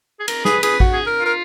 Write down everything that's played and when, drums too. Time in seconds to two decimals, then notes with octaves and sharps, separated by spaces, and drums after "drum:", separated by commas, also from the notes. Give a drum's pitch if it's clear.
0.20 G#4
0.28 A#4, drum: cymbal
0.45 G#4 B4, drum: snare
0.63 G#4 B4, drum: cymbal
0.80 F#4, drum: kick A1
0.93 G#4
1.06 A#4
1.19 F4
1.26 A#4